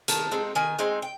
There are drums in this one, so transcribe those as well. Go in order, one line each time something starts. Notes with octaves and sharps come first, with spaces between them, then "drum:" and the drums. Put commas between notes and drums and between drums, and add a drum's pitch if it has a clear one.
D#3 A5, drum: hi-hat
G#3 C4 D#4
D#3 G#5
G#3 C4 D#4
G5